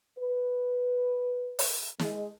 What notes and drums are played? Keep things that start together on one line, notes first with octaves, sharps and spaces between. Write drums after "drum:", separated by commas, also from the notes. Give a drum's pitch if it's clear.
B4
drum: open hi-hat
G#3, drum: snare